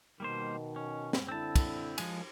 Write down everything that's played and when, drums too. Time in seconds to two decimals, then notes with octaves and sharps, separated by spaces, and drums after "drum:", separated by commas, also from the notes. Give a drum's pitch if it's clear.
0.20 B2 D#3 G3 A#3 C5
0.76 C#4
1.13 drum: snare
1.29 D3 C4 E4 A5
1.56 drum: kick, cymbal
1.98 F3 G#3 G#5, drum: cymbal